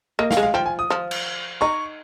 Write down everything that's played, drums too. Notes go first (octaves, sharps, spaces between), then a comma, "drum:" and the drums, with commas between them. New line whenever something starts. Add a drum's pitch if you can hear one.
A#3 D#5
F5, drum: snare
G#3
F5
F3 G5
G#5
D#6
F3
drum: cymbal
D#4 C#6